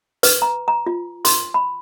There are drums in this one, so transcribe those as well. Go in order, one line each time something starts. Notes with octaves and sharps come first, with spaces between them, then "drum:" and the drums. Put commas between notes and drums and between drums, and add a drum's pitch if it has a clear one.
B4, drum: hi-hat
A#5
A#5
F4
C6, drum: hi-hat
B5